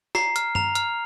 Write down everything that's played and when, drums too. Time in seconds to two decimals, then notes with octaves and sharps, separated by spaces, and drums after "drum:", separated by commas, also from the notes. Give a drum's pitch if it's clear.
0.15 A#5 C7, drum: snare
0.36 F6, drum: hi-hat
0.55 A#5 F7, drum: tom G2
0.75 F6, drum: hi-hat